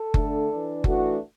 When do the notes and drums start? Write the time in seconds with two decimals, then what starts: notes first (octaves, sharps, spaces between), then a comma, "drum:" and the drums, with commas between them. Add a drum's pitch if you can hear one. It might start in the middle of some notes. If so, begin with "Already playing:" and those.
Already playing: A4
0.14 D3 A3 D4, drum: kick F#1
0.49 E3 D4
0.84 E3 A3 D4 F#4, drum: kick F#1